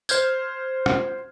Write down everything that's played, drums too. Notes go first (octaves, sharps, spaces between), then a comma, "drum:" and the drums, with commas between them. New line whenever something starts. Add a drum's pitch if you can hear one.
C5 F6 G6 G#6, drum: tambourine
drum: rim click